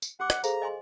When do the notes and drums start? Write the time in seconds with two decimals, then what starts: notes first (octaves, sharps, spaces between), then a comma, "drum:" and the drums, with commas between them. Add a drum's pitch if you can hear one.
0.02 drum: tambourine
0.20 G4 F#5 D6
0.30 drum: rim click
0.44 G#4 A4 C5 F5 A#5, drum: tambourine
0.62 D#5 G#5 C6